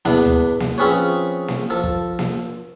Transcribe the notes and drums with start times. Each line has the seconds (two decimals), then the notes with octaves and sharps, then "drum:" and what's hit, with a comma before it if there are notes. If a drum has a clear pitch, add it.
0.05 E2 B3 D4, drum: snare A#3
0.25 drum: tom D2
0.60 drum: snare A#3
0.78 F3 C4 C#4 G#4 B4 C#5
1.48 drum: snare A#3
1.70 F3 A4
1.84 drum: kick
2.19 drum: snare A#3